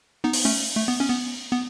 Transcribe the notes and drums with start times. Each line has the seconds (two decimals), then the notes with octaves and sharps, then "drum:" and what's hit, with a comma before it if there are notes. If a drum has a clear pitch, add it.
0.24 B3 D#4
0.33 drum: open hi-hat
0.45 A3 C#4
0.76 A3
0.88 B3
1.00 C#4
1.09 B3
1.51 B3